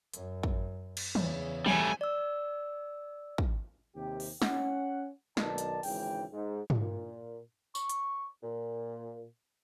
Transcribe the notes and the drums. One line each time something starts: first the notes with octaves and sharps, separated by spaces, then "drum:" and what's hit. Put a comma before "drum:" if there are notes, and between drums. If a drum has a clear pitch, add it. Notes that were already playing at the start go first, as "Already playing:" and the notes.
F#2, drum: hi-hat
drum: kick
drum: cymbal
E2 C#3, drum: tom
G3 A3 G#5, drum: tom
D5 E6
drum: kick
D#2 C3 G4
drum: open hi-hat
C#4 F#5, drum: snare
B1 D#3 D5 A5, drum: snare
drum: hi-hat
G#1 G#2 C#3 E3 G5, drum: open hi-hat
G#2
drum: tom
A#2
C#6, drum: tambourine
drum: hi-hat
A#2